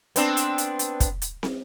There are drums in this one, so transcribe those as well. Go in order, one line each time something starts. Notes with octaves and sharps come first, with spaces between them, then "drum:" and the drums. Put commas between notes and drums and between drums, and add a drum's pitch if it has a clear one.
B3 C4 D4, drum: hi-hat
drum: hi-hat
drum: hi-hat
drum: hi-hat
drum: kick, hi-hat
drum: hi-hat
drum: snare